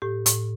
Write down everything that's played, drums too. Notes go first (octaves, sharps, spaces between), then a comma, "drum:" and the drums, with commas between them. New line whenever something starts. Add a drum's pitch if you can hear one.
A2 G4
A2, drum: hi-hat